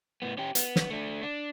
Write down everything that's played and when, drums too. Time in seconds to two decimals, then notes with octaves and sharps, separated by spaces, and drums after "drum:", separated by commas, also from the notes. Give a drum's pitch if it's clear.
0.22 A2 B3
0.38 C#4 G4
0.55 B3, drum: hi-hat
0.76 drum: snare
0.90 A3 D4
1.23 D4